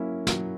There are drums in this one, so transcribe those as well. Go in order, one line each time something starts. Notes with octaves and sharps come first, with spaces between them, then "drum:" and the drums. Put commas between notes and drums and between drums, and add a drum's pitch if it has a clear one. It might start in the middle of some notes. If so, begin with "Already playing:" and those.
Already playing: F#3 A#3 C#4 E4
F#3, drum: snare